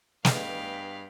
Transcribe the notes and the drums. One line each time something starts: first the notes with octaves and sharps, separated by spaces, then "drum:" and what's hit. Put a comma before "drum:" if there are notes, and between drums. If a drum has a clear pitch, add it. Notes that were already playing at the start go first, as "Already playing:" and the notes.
G2 B3 G#4 D#5 F5 G5 B5, drum: snare